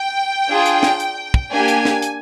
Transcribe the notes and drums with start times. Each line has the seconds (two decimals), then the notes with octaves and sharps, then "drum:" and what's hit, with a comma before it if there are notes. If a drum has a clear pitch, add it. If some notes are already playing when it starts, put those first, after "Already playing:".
Already playing: G5
0.48 D4 F4 G#4
0.66 drum: hi-hat
0.83 drum: snare
1.00 drum: hi-hat
1.34 drum: kick
1.51 A#3 D4 G4 G#5
1.68 drum: hi-hat
1.85 drum: snare
2.02 drum: hi-hat